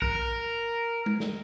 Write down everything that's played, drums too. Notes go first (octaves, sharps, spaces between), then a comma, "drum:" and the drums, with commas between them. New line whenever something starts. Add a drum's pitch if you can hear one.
A#4, drum: kick
drum: tom G#3
drum: snare